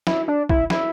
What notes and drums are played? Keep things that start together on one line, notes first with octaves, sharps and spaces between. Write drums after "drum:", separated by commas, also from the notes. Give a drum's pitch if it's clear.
E4, drum: snare
D4
E4, drum: kick
E4, drum: snare